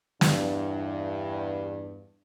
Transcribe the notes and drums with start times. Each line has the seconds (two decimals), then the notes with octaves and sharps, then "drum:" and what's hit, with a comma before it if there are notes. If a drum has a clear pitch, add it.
0.21 E2 G2, drum: snare